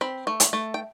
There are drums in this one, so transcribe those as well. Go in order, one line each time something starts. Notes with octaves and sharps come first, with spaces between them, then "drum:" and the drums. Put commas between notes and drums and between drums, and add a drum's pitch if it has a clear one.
C4 B5
A3
drum: hi-hat
A3
G5